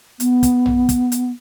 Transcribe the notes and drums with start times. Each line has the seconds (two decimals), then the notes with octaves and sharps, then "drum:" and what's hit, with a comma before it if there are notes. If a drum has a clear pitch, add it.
0.20 B3, drum: hi-hat
0.43 drum: kick, hi-hat
0.66 drum: tom A#1
0.89 drum: kick, hi-hat
1.12 drum: hi-hat